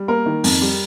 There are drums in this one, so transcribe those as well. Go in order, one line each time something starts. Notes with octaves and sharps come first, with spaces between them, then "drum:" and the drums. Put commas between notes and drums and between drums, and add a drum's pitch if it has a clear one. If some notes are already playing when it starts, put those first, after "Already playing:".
Already playing: G3
A#3 A#4
D#3
F2, drum: open hi-hat
G3